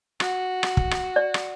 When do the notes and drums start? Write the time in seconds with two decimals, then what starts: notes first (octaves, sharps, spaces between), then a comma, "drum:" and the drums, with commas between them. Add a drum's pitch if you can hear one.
0.20 F#4, drum: rim click
0.63 drum: rim click
0.77 drum: kick
0.91 drum: rim click
1.16 D5
1.34 drum: rim click